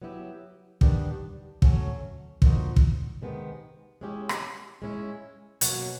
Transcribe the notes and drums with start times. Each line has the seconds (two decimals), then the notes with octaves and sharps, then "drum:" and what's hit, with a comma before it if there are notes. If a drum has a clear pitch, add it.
0.02 F#3 B3 E4 G4
0.81 D#3 G3 B3 D4 G4, drum: kick
1.62 F#3 A3 C#4, drum: kick
2.42 D3 F3 A#3 D#4 F#4, drum: kick
2.76 drum: kick
3.22 C3 D#3 G#3 B3
4.01 G#3 C#4 E4 G4
4.29 drum: rim click
4.82 G#3 C#4 E4
5.61 B2 F#3 A#3 C#4 F#4, drum: hi-hat